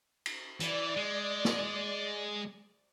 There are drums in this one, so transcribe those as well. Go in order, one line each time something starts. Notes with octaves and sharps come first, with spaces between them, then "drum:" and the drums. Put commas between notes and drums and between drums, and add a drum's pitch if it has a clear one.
drum: cymbal
E3 D5, drum: hi-hat
G#3
drum: snare